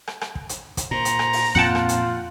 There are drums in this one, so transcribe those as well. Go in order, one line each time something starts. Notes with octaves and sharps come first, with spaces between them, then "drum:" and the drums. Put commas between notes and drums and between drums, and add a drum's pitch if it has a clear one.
drum: rim click
drum: rim click
drum: kick
drum: hi-hat
drum: kick, hi-hat
A#2 C5 A#5
drum: hi-hat
drum: rim click
drum: open hi-hat
F2 A#2 C4 F4 F#5 G5 A5
drum: rim click
drum: hi-hat